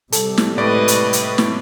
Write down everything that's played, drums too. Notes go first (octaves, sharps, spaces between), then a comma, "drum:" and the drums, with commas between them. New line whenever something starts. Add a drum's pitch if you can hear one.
C3 G3 A4, drum: hi-hat
drum: snare
A2 G#3 B4 D5 D#5 D7
drum: hi-hat
drum: hi-hat
drum: snare